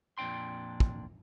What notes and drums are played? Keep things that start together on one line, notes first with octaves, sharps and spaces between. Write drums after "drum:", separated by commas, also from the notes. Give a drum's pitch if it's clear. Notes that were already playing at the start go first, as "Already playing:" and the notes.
F2 A#2 D4 G5 C6
drum: kick